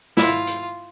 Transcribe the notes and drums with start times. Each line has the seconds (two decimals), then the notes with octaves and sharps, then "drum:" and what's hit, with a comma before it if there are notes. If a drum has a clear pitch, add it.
0.17 E4 F4, drum: snare
0.47 drum: hi-hat